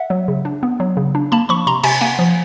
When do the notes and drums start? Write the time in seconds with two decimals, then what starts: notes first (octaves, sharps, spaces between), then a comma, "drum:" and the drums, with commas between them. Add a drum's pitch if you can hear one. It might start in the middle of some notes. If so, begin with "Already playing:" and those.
Already playing: E5 F#5
0.10 F#3
0.28 C#3
0.45 D4
0.63 B3
0.80 F#3
0.97 C#3
1.15 D4
1.32 A#3 A5 B5
1.49 F3 B5 C#6
1.67 C3 A#5 C6
1.84 C3 G#5 A#5, drum: cymbal
2.01 A#3 F#5 G#5
2.19 F3